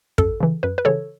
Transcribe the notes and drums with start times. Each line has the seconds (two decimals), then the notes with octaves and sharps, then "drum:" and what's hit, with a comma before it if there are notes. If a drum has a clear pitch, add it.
0.18 F#2 A4, drum: kick
0.40 C#3 E3
0.63 F#2 B4
0.78 B4
0.85 C#3 E3 A4 C#5